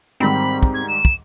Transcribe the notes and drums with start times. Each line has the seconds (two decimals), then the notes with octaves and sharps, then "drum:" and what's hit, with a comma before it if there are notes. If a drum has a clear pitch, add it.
0.20 G#2 D#3 G3 C4 B5
0.63 drum: kick
0.74 G#6
0.88 E7
1.05 drum: kick